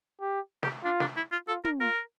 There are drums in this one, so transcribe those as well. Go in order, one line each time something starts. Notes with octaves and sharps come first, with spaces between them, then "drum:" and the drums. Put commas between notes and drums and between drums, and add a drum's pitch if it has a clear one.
G4
G4, drum: snare
D4 F4
D4, drum: snare
E4
F4
F4 A4
A#4, drum: tom
F4 A#4